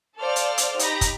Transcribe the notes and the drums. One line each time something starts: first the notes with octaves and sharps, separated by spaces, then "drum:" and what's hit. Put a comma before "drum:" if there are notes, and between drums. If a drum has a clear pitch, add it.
A4 C5 D5 F5 F6
drum: hi-hat
drum: hi-hat
D#4 G4 A#5 B5 A#6, drum: hi-hat
drum: kick, hi-hat